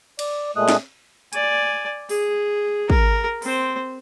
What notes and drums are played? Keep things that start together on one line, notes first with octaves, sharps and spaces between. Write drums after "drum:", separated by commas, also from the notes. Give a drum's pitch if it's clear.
D5, drum: cymbal
A#2 G#3 A3 D#6 F#6
drum: snare
D5 G#5, drum: hi-hat
G#4, drum: open hi-hat
A#4, drum: kick
C4 C5, drum: open hi-hat